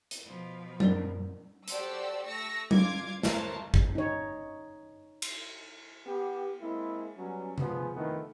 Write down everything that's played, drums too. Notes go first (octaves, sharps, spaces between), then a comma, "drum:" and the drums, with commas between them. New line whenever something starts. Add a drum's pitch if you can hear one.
drum: hi-hat
B2 F3
F#2 A#2 A#4 D5, drum: tom F#3
F#4 G4 A4 C5 D5 E6, drum: hi-hat
A3 C#6 E6 A#6
F4 F5 D6 G#6, drum: tom F#3
C4 A#4 C5 C#5 A5, drum: snare
drum: kick
D#4 C#5
drum: cymbal
B3 G4
G#3 A#3 C4 E4
F#3 G3 B3 C#4
F3 B3 G#4, drum: tom C3
F2 D#3 E3 A3 B3